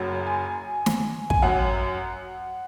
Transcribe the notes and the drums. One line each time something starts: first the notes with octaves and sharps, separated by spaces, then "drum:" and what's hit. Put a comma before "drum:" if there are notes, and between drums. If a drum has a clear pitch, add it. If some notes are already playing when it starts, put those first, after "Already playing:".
Already playing: F#1 F#2 F#3
G#5
drum: snare
G#5, drum: kick
F#2 F#3 F#5